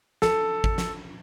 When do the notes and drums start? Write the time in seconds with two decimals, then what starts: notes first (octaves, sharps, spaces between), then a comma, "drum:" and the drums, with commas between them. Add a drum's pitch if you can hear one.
0.22 A4, drum: snare
0.64 drum: kick G#1
0.78 drum: snare